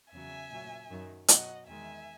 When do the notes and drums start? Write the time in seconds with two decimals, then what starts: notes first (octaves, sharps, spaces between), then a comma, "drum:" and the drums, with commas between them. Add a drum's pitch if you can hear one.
0.12 E2 C#3 F#3 E5 G#5
0.51 A#2 F#3
0.90 F#2 D#3 F#3
1.28 B2 F#3 D#5 F#5, drum: hi-hat
1.67 E2 D#3 G#3 E5 G#5